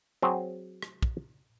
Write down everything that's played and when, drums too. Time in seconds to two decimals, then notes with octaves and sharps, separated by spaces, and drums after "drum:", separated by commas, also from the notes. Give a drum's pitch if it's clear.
0.22 F#3 C4 G#4
0.82 drum: rim click
1.02 drum: kick